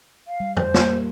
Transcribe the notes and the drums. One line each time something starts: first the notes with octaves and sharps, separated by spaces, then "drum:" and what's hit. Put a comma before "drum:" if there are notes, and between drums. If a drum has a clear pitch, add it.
F5
G3
C5, drum: tom
G3 A#3, drum: snare